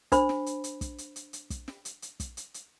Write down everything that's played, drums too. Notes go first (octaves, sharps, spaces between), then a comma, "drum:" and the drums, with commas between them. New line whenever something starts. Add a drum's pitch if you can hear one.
D4 C5 B5, drum: kick, hi-hat
drum: snare
drum: hi-hat
drum: hi-hat
drum: kick, hi-hat
drum: hi-hat
drum: hi-hat
drum: hi-hat
drum: kick, hi-hat
drum: snare
drum: hi-hat
drum: hi-hat
drum: kick, hi-hat
drum: hi-hat
drum: hi-hat